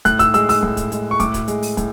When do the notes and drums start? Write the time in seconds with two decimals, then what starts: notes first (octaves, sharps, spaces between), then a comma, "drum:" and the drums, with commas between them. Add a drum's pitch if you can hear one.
0.05 A2 F#6, drum: kick, hi-hat
0.19 E6, drum: kick, hi-hat
0.34 G#3 E6, drum: hi-hat
0.49 E6, drum: open hi-hat
0.63 A2, drum: kick
0.77 drum: kick, hi-hat
0.92 G#3, drum: hi-hat
1.11 C#6
1.20 A2 D6, drum: kick, hi-hat
1.34 drum: kick, hi-hat
1.48 G#3, drum: hi-hat
1.62 drum: open hi-hat
1.77 A2, drum: kick, hi-hat